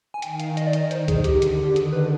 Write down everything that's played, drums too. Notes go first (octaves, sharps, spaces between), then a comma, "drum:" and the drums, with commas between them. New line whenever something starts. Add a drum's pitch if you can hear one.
G#5
D#3 G5, drum: hi-hat
F5, drum: hi-hat
D#5, drum: hi-hat
D5
D#3 D#5, drum: hi-hat
C5, drum: hi-hat
G#4, drum: kick C#2, hi-hat
D3 G4, drum: hi-hat
drum: hi-hat
G4
D#3 G#4, drum: hi-hat
B4